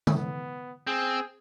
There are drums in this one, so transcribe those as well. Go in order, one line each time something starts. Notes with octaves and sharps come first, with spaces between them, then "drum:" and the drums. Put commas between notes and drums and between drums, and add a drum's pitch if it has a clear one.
drum: tom D3
B3
C4 G#4